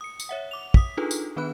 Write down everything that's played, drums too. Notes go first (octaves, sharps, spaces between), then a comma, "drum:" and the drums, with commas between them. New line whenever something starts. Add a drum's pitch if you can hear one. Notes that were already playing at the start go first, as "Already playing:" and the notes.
D#6 C#7
drum: tambourine
C#5 E5 F#5
D6 F7
D#6 B6, drum: kick
D4 D#4 F4 G#4 A4 B4
drum: tambourine
D#3 B3 D4 B4 B5 F#6